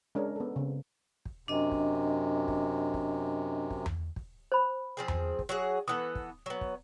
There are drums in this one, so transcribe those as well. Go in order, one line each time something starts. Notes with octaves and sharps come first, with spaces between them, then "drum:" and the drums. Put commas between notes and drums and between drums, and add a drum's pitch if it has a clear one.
G#3 C#4 D4 A#4 C#5
B3 A4
C#3 C4
drum: kick
F#2 C3 D4 D#5
drum: kick
drum: kick
drum: kick
drum: kick
drum: tom E2
drum: kick
C5 B5
F3 C4 G#4
drum: tom E2
drum: kick
F#3 F#4 G#4
E3 B3 A4 D#6
drum: kick
F#3 B3
drum: kick